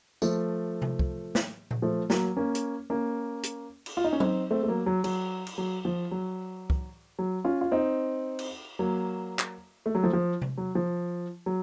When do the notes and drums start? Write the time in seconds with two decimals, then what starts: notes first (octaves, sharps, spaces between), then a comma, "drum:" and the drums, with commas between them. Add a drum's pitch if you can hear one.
0.22 F3 A3, drum: tambourine
0.82 drum: tom C3
0.99 drum: kick C2
1.35 drum: snare
1.71 drum: tom A#2
1.82 F3 A3
2.10 F#3 A#3, drum: snare
2.37 A#3 C#4
2.55 drum: hi-hat
2.90 A#3 C#4
3.43 drum: hi-hat
3.86 drum: cymbal
3.97 F4
4.04 D#4
4.13 C#4
4.20 C4 D#4, drum: tom F#3
4.51 A3 C4
4.63 A3
4.68 F#3 A#3
4.86 F#3
5.04 F#3, drum: cymbal
5.47 drum: cymbal
5.58 F#3
5.85 F3
6.11 F#3
6.70 drum: kick C2
7.19 F#3
7.45 C#4 F4
7.61 F4
7.72 C4 D#4
8.39 drum: cymbal
8.79 F#3 A#3
9.39 drum: clap
9.86 A3
9.95 F#3
10.03 F3 A3
10.13 F3
10.42 drum: tom C3
10.58 F#3
10.75 F3
11.46 F#3